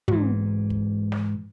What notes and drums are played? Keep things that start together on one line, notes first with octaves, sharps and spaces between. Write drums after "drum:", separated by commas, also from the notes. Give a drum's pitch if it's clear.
G#2 E3, drum: tom
drum: kick
drum: snare